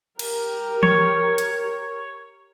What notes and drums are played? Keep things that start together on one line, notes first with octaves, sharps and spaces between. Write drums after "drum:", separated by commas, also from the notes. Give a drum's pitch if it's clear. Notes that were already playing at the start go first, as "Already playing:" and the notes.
G4 A#4, drum: cymbal
C#5, drum: tom E3
drum: hi-hat